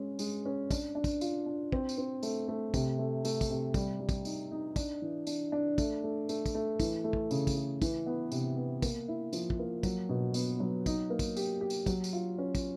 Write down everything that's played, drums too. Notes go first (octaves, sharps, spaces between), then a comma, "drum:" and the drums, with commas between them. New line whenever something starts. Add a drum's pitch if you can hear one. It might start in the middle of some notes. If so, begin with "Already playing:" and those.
Already playing: G#3 C#4
G#3, drum: tambourine
C#4
D4, drum: kick, tambourine
D4
drum: kick, tambourine
F4, drum: tambourine
D4
C4, drum: kick
drum: tambourine
C4
A3, drum: tambourine
A3
C3, drum: kick, tambourine
A3
A3, drum: tambourine
drum: kick, tambourine
C3
G3, drum: kick, tambourine
G3
drum: kick, tambourine
D#4, drum: tambourine
D#4
D4, drum: kick, tambourine
E3
D4, drum: tambourine
D4
A3, drum: kick, tambourine
A3
A3, drum: tambourine
drum: kick, tambourine
A3
E3, drum: kick, tambourine
A3
drum: kick
C#3, drum: tambourine
drum: kick, tambourine
A3
E3, drum: kick, tambourine
B3
C3, drum: tambourine
B3
A#3, drum: kick, tambourine
E4
F3, drum: tambourine
drum: kick
A#3
F#3, drum: kick, tambourine
B2
B3, drum: tambourine
F#3
D#4, drum: kick, tambourine
A#3
drum: kick, tambourine
G4, drum: tambourine
G4
drum: tambourine
F#3, drum: kick, tambourine
drum: tambourine
F4
C#4
drum: kick, tambourine